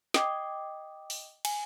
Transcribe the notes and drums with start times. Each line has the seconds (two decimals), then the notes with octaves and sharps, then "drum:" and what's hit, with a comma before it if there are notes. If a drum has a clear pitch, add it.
0.14 D#5 G5 D6 D#6, drum: snare
1.10 drum: open hi-hat
1.45 G#5, drum: cymbal